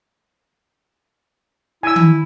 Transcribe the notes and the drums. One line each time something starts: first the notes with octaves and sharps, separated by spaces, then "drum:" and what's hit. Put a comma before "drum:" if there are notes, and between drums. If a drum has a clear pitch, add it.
E4 G#5 E6
drum: tom D#3